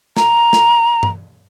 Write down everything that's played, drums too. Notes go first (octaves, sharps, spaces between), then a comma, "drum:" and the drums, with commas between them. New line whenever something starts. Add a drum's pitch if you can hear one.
A#5, drum: snare
drum: snare
drum: tom G2